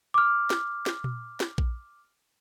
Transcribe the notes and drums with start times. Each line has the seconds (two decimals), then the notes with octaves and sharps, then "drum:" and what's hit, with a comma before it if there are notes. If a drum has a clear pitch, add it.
0.14 D6 F6
0.50 drum: snare
0.86 drum: snare
1.04 drum: tom A#2
1.40 drum: snare
1.58 drum: kick A#1